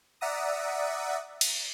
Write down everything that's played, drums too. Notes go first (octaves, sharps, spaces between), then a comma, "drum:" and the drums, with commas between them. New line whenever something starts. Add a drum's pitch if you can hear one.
D5 E5 F#5 A#5 D#6
drum: cymbal